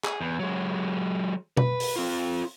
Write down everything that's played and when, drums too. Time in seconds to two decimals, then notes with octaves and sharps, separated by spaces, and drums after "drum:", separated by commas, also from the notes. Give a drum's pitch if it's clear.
0.05 G#4, drum: clap
0.21 E2
0.40 F#3 G#3
1.57 B4, drum: tom B2
1.80 drum: open hi-hat
1.96 C4 F4